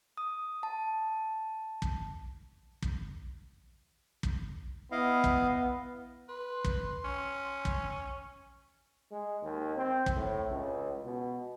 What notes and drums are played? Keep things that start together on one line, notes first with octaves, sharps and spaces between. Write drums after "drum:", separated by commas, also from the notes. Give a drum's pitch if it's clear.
D#6
A5
drum: kick
drum: kick
drum: kick
B3 E4 D#5 F5
drum: kick
B4 C6
drum: kick
C#4
drum: kick
G#3
D#2
C4
drum: kick
A2
C#2
B2